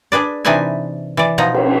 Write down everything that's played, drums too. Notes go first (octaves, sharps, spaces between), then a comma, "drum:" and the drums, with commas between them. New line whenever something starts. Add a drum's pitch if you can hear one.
D4 G#4 B4 D5
C3 E3 D4 D#4 B4 G#5
E3 D5
B2 F3 D#4 A#5
drum: cymbal